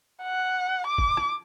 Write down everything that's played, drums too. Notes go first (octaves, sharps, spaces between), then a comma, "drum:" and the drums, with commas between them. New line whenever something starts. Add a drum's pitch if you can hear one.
F#5
D6
drum: kick
drum: rim click